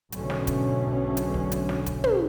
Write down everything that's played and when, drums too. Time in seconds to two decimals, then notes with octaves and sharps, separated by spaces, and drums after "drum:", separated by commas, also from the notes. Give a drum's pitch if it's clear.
0.12 B1 G#2 B2 D3 A3 C#4, drum: hi-hat
0.30 drum: snare
0.47 drum: kick, hi-hat
1.17 drum: hi-hat
1.34 drum: kick
1.52 drum: hi-hat
1.69 drum: snare
1.86 drum: kick, hi-hat
2.04 drum: tom